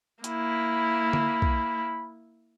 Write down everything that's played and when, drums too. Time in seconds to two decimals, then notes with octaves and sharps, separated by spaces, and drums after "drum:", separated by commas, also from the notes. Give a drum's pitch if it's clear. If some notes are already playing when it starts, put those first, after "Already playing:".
0.24 A#3 E4 B5, drum: hi-hat
1.13 drum: tom D3
1.42 drum: kick